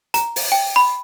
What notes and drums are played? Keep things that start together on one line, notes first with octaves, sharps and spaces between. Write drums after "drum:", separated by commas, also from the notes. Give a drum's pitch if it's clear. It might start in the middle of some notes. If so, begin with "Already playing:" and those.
A#5, drum: hi-hat
drum: open hi-hat
G5
B5